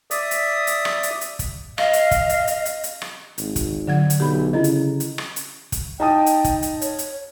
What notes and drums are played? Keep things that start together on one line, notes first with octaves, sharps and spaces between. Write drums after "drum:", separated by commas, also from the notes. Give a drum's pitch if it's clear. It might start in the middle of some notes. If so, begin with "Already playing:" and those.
D5 E5 D#6, drum: hi-hat
drum: hi-hat
drum: hi-hat
drum: rim click
drum: hi-hat
drum: hi-hat
drum: kick, hi-hat
D#5 F5, drum: rim click
drum: hi-hat
drum: kick, hi-hat
drum: hi-hat
drum: hi-hat
drum: hi-hat
drum: hi-hat
drum: rim click
G#1, drum: hi-hat
drum: kick, hi-hat
D3 F#3 G#6
drum: hi-hat
B1 G4 B5
C#3 E4 A4 D#5
drum: hi-hat
drum: hi-hat
drum: rim click
drum: hi-hat
drum: kick, hi-hat
D#4 G5 A5 D#6
drum: hi-hat
drum: kick, hi-hat
drum: hi-hat
C#5, drum: hi-hat
drum: hi-hat